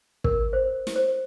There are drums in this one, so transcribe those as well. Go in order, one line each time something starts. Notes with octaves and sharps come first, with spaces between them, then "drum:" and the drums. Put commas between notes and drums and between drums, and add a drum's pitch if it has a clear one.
A#4, drum: kick
C5
drum: snare
C5